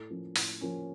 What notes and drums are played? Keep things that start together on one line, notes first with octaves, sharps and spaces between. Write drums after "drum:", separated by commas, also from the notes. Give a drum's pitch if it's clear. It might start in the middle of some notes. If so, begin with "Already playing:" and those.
Already playing: A2 A4
F3 A#3 C#4
A2, drum: open hi-hat
F3 A#3 C#4